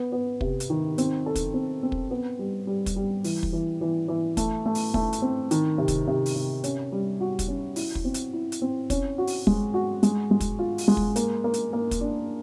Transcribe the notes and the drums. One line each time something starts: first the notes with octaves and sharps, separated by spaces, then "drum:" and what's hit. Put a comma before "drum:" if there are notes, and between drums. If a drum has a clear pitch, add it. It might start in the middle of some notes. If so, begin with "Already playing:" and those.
Already playing: B3
B3
C3, drum: kick
drum: hi-hat
D#3
C4, drum: hi-hat
A4
drum: kick, hi-hat
C4
C4
drum: kick
B3
G3
G3
drum: kick, hi-hat
G3
E3, drum: open hi-hat
drum: kick
E3
E3
E3
A3, drum: kick, hi-hat
A3
drum: open hi-hat
A3, drum: kick
drum: hi-hat
C4
D#3, drum: hi-hat
C3
drum: kick, hi-hat
C3
drum: open hi-hat
C3
C#4, drum: hi-hat
G3
F#4
drum: kick, hi-hat
C#4
E4, drum: open hi-hat
drum: kick
C4
drum: hi-hat
E4
drum: hi-hat
C4
C#4, drum: kick, hi-hat
F#4
drum: open hi-hat
G#3, drum: kick
F#4
G#3, drum: hi-hat
G#3
drum: kick, hi-hat
F4
drum: open hi-hat
G#3
drum: kick
A#3, drum: hi-hat
A#3
drum: hi-hat
A#3
drum: kick, hi-hat
D4